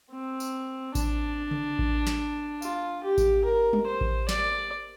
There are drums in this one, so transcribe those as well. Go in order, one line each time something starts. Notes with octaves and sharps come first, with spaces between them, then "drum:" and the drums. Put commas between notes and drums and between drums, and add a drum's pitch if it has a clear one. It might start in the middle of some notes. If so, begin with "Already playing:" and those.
C4
drum: tambourine
D4, drum: kick A1, tambourine
drum: tom C#3
drum: kick A1
drum: snare
F4, drum: tambourine
G4
drum: kick A1, tambourine
A#4
drum: tom G3
C5
drum: kick A1
D5, drum: snare